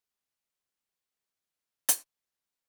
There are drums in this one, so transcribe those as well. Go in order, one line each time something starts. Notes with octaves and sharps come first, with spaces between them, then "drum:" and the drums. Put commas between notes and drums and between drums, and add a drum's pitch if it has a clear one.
G3 B3 G4 G#4
drum: hi-hat